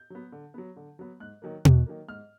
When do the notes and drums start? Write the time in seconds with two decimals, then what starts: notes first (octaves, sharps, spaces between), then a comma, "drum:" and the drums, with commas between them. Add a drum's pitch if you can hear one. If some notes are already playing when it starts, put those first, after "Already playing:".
Already playing: G6
0.10 F#3 B3
0.32 D3
0.54 F#3 B3
0.76 D3
0.99 F#3 B3
1.20 G#2 F#6
1.42 D#3 F#3 A#3
1.65 G#2, drum: tom B2
1.86 D#3 F#3 A#3
2.08 G#2 F6